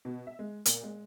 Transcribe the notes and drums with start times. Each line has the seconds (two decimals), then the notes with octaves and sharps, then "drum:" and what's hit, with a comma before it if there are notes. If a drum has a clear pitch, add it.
0.05 B2
0.27 E5
0.39 G#3
0.66 A#2, drum: hi-hat
0.83 G#3